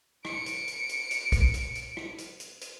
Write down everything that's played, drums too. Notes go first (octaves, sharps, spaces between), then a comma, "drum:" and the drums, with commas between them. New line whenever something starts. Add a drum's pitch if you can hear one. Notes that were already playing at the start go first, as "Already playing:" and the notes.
C#7 D7, drum: rim click
drum: hi-hat
drum: hi-hat
drum: hi-hat
drum: hi-hat
drum: kick, hi-hat
drum: hi-hat
drum: hi-hat
drum: rim click
drum: hi-hat
drum: hi-hat
drum: hi-hat